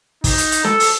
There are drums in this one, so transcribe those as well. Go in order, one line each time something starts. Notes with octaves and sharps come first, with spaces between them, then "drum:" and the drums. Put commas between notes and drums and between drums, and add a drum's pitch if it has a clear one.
D#4, drum: kick, open hi-hat
drum: hi-hat
drum: hi-hat
A4, drum: snare
drum: open hi-hat